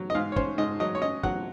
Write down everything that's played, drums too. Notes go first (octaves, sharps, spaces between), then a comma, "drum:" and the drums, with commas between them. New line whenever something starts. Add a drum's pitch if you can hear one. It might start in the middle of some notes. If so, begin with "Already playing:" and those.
Already playing: F#3
D#5
G#2 F5
C#5
C#4 C5, drum: kick
G#2 D#5
F#3 D#5
C#5
C#4 D#5
F#3 F#5, drum: kick